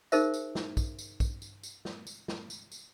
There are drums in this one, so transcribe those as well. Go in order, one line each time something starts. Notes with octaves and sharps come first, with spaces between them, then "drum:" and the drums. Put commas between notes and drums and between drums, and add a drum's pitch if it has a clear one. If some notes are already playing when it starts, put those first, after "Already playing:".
D#4 G#4 A#4 C5 E5, drum: tambourine
drum: tambourine
drum: snare
drum: kick, tambourine
drum: tambourine
drum: kick, tambourine
drum: tambourine
drum: tambourine
drum: snare
drum: tambourine
drum: snare
drum: tambourine
drum: tambourine